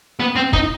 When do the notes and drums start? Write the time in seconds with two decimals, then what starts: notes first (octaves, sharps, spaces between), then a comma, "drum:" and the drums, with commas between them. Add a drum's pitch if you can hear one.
0.20 B3
0.36 C4
0.53 D#4, drum: kick